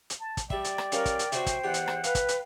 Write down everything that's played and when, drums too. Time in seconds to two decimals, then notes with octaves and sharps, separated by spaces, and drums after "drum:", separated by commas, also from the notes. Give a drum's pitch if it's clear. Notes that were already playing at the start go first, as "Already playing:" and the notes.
0.10 drum: hi-hat
0.20 A5
0.37 drum: kick, hi-hat
0.50 G3 D5 E5 G5, drum: kick
0.65 drum: hi-hat
0.78 drum: rim click
0.92 G3 C#4 A#4 F5, drum: hi-hat
1.06 drum: kick, hi-hat
1.19 drum: hi-hat
1.32 C3 F#4 C5 C#5, drum: hi-hat
1.47 drum: kick, hi-hat
1.64 E2 G4 F#5
1.74 drum: hi-hat
1.88 drum: rim click
2.04 B4 F5, drum: hi-hat
2.15 drum: kick, hi-hat
2.29 drum: hi-hat